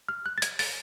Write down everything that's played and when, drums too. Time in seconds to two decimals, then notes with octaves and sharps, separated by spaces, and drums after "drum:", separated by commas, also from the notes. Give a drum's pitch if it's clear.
0.09 F6
0.26 F#6
0.38 A6
0.42 G#6, drum: hi-hat
0.59 A6, drum: open hi-hat